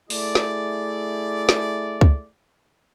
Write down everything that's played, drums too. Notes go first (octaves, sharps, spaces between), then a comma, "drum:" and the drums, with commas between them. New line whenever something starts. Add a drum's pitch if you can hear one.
A3 E4 G#4 D5, drum: open hi-hat
drum: snare
drum: snare
drum: kick C#2